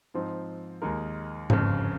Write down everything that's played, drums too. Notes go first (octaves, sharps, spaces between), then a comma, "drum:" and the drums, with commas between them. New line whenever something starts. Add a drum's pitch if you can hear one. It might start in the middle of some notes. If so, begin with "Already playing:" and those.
G#2 F3 C4 D#4
D#2 D#3 G#3 D#4 A#4
G1 F2 C#3, drum: tom G#2